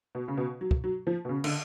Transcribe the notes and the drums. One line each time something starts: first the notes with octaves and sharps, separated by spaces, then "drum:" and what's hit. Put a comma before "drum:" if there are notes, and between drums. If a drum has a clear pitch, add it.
B2
C#3
B2
F#3
drum: kick
F#3
F3
B2
C#3
D3, drum: cymbal